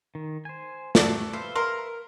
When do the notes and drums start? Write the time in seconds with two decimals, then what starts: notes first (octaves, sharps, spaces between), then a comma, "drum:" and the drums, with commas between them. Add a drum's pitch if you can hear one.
0.15 D#3
0.45 C5 G#5
0.95 A3 F#4 G4 A4 D5 E5, drum: snare
1.33 B4 C5 E5 F5
1.56 A#4 A#5 C6